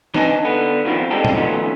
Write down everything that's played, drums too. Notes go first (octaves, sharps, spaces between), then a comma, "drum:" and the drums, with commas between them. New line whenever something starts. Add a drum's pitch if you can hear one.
D4 D#4 B4 D#5 G#5 A5, drum: snare
D3 B3
B2 D#3 F3 C4 E4
G#3 C4 D4 D#4 G4 A4
drum: tom
D#3 F3 F#3 A3 B3 C#4